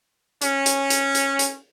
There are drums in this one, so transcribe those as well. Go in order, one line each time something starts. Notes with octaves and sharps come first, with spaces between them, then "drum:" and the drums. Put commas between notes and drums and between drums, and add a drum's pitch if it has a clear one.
C#4, drum: hi-hat
drum: hi-hat
drum: hi-hat
drum: hi-hat
drum: hi-hat